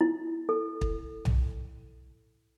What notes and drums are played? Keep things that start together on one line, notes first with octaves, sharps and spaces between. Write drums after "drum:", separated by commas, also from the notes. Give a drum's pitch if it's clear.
E4
A4
drum: kick
drum: tom B1